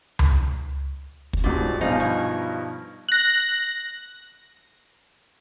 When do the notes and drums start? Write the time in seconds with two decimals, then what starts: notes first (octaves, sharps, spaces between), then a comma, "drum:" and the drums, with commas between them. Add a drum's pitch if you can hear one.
0.19 drum: tom C#2
1.33 drum: kick
1.44 D#1 C#2 G#2 F#4 D5
1.81 G2 B2 F3 D#4 C5 F5 G#5
2.00 C#6 G#6, drum: hi-hat
3.09 F#6 A#6